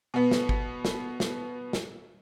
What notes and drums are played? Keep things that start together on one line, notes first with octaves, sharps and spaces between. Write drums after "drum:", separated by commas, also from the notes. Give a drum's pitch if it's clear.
B2 B3
drum: snare
drum: kick
drum: snare
drum: snare
drum: snare